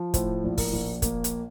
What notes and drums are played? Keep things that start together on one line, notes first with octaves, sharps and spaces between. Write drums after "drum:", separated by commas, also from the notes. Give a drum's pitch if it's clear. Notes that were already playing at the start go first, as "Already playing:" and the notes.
Already playing: F3
A2 C5, drum: kick, hi-hat
A#1
A#4, drum: kick, open hi-hat
A#1
A#3, drum: kick, hi-hat
drum: hi-hat